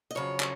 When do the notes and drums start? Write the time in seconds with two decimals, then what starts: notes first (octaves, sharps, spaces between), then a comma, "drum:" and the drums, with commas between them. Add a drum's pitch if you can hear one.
0.11 D#5
0.15 F2 C#3 F#3 C#5
0.40 drum: clap